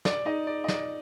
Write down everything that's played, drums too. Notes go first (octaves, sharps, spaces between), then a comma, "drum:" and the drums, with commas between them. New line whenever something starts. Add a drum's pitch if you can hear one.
D5, drum: snare
D#4 D#5
D5
D#5
D5, drum: snare